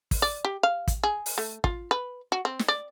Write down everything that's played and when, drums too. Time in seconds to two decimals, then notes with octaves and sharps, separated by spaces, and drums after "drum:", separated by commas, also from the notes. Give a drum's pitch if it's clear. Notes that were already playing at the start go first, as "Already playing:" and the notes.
0.11 drum: kick, open hi-hat
0.22 D5
0.45 G4
0.63 F5
0.88 drum: kick, hi-hat
1.04 G#4
1.26 drum: open hi-hat
1.38 A3
1.64 F4, drum: kick
1.91 B4
2.32 F#4
2.45 C4
2.59 drum: snare
2.68 D5